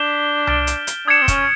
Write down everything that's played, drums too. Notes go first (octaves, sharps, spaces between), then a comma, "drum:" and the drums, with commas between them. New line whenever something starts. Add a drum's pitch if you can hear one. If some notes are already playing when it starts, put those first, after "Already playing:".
Already playing: D4 G6 B6 E7 G7
F6 A6 D7 G7, drum: tom C2
drum: hi-hat
drum: hi-hat
D4 D#6 G#6 C#7 E7
C4
C#4, drum: kick, hi-hat